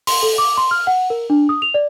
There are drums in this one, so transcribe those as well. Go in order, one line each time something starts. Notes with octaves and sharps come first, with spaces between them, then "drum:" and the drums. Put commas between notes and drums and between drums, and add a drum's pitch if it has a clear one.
C6, drum: open hi-hat
A4
D6
C6
F6
F#5
A#4
D4
D#6
F7
D5